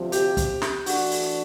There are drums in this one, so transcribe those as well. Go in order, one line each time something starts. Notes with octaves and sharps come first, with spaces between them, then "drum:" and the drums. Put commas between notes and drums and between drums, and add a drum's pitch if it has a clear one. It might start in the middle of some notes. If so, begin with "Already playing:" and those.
Already playing: D2 C3 F3
G4, drum: hi-hat
drum: kick, hi-hat
drum: snare
E3 A3 D4 F#4, drum: open hi-hat
drum: open hi-hat